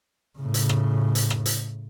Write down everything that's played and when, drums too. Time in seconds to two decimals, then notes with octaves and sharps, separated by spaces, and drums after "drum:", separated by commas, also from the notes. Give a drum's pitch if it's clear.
0.39 A2 C#3
0.54 drum: hi-hat
0.69 drum: rim click
1.15 drum: hi-hat
1.30 drum: rim click
1.46 drum: hi-hat